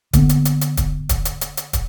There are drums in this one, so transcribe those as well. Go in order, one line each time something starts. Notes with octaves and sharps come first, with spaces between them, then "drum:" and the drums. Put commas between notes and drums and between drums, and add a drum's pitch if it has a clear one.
D3 A#3 B3, drum: kick, hi-hat
drum: hi-hat
drum: hi-hat
drum: hi-hat
drum: kick, hi-hat
drum: kick, hi-hat
drum: hi-hat
drum: hi-hat
drum: hi-hat
drum: kick, hi-hat